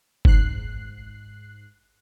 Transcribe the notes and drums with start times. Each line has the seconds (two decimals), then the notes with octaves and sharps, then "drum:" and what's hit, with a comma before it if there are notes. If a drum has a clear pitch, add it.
0.25 G#2 F#6 C7, drum: kick G1